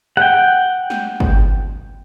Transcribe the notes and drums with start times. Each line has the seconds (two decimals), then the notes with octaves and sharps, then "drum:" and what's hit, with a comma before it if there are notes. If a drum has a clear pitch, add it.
0.17 F#5 G5, drum: rim click
0.90 drum: snare
1.20 drum: kick G1